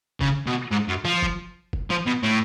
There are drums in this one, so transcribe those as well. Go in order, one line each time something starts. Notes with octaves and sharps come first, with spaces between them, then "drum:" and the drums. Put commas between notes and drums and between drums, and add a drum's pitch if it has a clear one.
C#3, drum: kick
B2
G#2
F#2
F3
drum: kick
drum: kick
F3
B2
A2